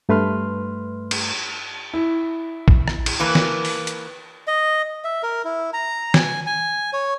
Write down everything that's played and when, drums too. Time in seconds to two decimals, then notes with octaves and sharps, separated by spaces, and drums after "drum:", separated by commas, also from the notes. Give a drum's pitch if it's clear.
0.09 G2 A3 B4 C6 F6
1.11 drum: cymbal
1.94 E4
2.68 drum: kick A1
2.88 drum: rim click
3.06 drum: cymbal
3.20 E3 A#3 B4
3.35 drum: snare
3.65 drum: open hi-hat
3.87 drum: hi-hat
4.48 D#5
5.04 E5
5.23 A#4
5.45 E4
5.73 A#5
6.14 G#5, drum: snare
6.47 G#5
6.93 C#5